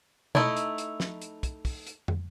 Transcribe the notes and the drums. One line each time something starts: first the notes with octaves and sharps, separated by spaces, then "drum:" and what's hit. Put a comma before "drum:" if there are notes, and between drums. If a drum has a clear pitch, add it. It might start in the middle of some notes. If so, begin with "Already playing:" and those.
A3 D#4 E4, drum: tom B2
drum: hi-hat
drum: hi-hat
drum: snare
drum: hi-hat
drum: kick, hi-hat
drum: kick, open hi-hat
drum: hi-hat
drum: tom